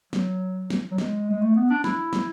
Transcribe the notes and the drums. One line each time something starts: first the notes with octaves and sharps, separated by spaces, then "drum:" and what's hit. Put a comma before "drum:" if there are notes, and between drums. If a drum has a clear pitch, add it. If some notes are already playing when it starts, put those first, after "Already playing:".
F#3, drum: snare
drum: snare
F#3
G#3, drum: snare
G#3
A3
B3
D4
E4, drum: snare
drum: snare